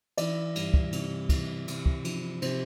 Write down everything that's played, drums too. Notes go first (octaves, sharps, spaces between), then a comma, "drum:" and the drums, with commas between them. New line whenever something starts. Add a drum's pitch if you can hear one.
E3 D5, drum: cymbal
G2, drum: cymbal
drum: kick
C3, drum: cymbal
E3, drum: kick, cymbal
C3, drum: cymbal
drum: kick
F3, drum: cymbal
C3 C5, drum: cymbal